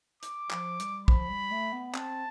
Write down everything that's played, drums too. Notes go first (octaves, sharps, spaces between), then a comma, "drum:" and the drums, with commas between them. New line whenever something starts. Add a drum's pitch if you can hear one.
D6, drum: hi-hat
F3, drum: clap
G3, drum: hi-hat
F3 B5, drum: kick
G3
A3
B3
C4 A5, drum: clap